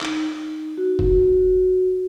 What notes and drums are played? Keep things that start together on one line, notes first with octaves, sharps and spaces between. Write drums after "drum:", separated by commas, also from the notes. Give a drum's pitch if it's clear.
D#4, drum: clap
F#4
drum: kick F1